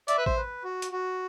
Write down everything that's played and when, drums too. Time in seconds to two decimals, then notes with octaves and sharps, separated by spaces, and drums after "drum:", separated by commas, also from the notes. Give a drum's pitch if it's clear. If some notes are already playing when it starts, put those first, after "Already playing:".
0.08 D5 E5, drum: hi-hat
0.18 B4
0.26 C5, drum: kick A1
0.37 B4
0.64 F#4
0.82 drum: hi-hat
0.92 F#4